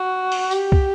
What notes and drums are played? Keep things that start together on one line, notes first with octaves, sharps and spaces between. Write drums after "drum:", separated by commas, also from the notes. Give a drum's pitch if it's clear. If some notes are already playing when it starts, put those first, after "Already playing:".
Already playing: F#4
drum: open hi-hat
G4, drum: tambourine
drum: kick